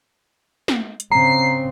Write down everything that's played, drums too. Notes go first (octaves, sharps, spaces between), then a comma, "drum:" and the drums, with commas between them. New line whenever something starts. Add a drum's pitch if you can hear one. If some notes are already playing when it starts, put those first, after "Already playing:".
drum: snare
drum: hi-hat
C#3 C4 A#5 C7